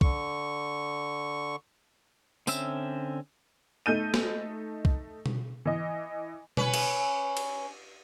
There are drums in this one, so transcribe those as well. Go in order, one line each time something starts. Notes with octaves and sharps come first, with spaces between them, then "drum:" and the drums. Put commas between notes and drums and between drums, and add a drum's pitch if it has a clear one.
D3 C#6, drum: kick
D3 C4 C#4 E5 E6, drum: tambourine
A3 D#4 G6 D#7
drum: snare
drum: kick
drum: tom B2
E3 D#5
C#4 B4, drum: tom B2
drum: cymbal
drum: cymbal